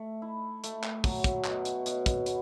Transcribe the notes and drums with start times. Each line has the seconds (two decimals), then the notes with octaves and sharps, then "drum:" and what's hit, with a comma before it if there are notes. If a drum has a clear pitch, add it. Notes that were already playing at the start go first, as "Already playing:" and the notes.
Already playing: A3
0.22 E4
0.64 A3, drum: hi-hat
0.83 drum: clap
1.04 F#3, drum: kick, open hi-hat
1.24 drum: kick, hi-hat
1.44 B2, drum: clap
1.65 drum: hi-hat
1.86 B2, drum: hi-hat
2.06 drum: kick, hi-hat
2.26 B3, drum: hi-hat